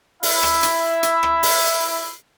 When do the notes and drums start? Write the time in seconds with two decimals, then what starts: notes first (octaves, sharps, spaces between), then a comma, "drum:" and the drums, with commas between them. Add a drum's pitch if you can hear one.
0.23 E4 E5, drum: open hi-hat
0.43 drum: rim click
0.63 drum: hi-hat
1.03 drum: hi-hat
1.23 drum: rim click
1.43 drum: open hi-hat